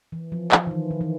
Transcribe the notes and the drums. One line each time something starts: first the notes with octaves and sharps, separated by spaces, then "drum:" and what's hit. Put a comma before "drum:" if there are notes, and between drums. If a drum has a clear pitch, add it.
E3
F3
F3, drum: clap
D#3
E3
D#3
E3